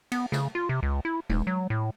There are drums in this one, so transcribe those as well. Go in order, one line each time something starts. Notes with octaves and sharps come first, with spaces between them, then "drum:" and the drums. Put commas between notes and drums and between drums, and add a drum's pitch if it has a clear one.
B3, drum: cymbal
C#3, drum: snare
F4
C3
C#2
E4
D#1, drum: tom G#3
F#3
A2